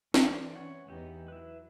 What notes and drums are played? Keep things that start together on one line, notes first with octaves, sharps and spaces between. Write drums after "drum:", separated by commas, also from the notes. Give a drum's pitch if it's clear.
E3 C4 D5, drum: snare
E3 C#4 C#5 F#5
E2 E3 B3 D#4 G4
F#3 E4 B4